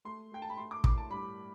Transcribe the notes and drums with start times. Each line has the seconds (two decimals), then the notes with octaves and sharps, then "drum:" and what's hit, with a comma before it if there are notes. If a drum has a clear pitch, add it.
0.05 A3 C6
0.32 A3 G5
0.42 A5
0.50 B5
0.57 A3 C6
0.71 D6
0.84 A2 D6, drum: kick
0.98 A5
1.10 G2 B5